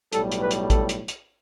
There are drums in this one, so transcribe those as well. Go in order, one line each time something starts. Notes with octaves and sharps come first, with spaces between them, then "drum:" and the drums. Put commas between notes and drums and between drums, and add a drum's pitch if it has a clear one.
B1 A2 G3 A4, drum: hi-hat
drum: hi-hat
B4
drum: hi-hat
A4, drum: kick A1, hi-hat
drum: hi-hat
drum: hi-hat